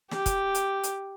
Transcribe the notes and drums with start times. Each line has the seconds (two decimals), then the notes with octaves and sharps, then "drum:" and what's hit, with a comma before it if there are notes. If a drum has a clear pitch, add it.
0.11 G4, drum: snare
0.26 drum: kick, hi-hat
0.55 drum: hi-hat
0.84 drum: hi-hat